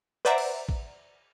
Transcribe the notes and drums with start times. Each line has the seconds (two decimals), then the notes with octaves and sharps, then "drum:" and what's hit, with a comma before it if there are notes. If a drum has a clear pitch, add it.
0.25 B4 C5 D5 E5 F#5 A#5
0.38 drum: cymbal
0.69 drum: kick A1